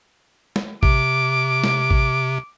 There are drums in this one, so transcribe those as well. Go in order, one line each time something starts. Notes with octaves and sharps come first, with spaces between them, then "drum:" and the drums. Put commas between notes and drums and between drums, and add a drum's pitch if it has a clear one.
drum: snare
C3 D6, drum: kick A1
drum: snare
drum: kick A1